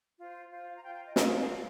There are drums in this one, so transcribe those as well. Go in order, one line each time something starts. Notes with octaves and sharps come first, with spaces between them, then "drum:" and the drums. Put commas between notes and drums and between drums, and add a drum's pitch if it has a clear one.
F4 C5
F4 C5
F5
A#5
F4 C5 G5
G5
D#5
F4 C5 F5, drum: snare